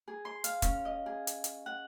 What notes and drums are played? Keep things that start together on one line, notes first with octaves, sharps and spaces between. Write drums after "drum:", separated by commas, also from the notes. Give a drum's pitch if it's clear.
G#4
C6
F5, drum: hi-hat
C#4, drum: kick, hi-hat
D#5
G#4
drum: hi-hat
drum: hi-hat
F#5